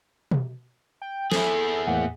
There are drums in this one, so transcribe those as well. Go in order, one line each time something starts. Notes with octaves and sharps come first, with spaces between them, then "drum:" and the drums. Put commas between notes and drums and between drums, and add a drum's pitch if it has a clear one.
drum: tom B2
G5
E4 G#4 A4, drum: snare
E2 A2 A#3 F#5